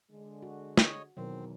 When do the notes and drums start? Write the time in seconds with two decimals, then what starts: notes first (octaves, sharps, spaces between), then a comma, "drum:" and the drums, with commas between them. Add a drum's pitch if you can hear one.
0.11 D3 G#3
0.42 F#4
0.78 C#5 D#5, drum: snare
1.17 E2 B2 D#3 F#3 C4 A#4